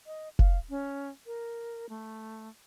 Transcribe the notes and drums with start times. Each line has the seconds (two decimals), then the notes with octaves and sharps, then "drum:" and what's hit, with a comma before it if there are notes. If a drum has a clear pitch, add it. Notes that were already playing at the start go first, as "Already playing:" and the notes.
0.06 D#5
0.39 F5, drum: kick F1
0.70 C#4
1.26 A#4
1.89 A3